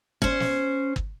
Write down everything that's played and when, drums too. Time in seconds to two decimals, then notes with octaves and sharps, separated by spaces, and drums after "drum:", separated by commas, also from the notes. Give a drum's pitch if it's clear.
0.22 C#4 C5, drum: kick
0.40 drum: snare
0.96 drum: kick